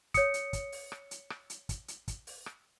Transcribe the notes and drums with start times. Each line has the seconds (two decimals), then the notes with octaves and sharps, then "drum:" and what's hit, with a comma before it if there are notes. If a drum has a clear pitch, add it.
0.14 C#5 D#6 C#7, drum: kick, hi-hat
0.34 drum: hi-hat
0.53 drum: kick, hi-hat
0.72 drum: open hi-hat
0.92 drum: rim click
1.11 drum: hi-hat
1.30 drum: rim click
1.50 drum: hi-hat
1.69 drum: kick, hi-hat
1.88 drum: hi-hat
2.08 drum: kick, hi-hat
2.27 drum: open hi-hat
2.46 drum: rim click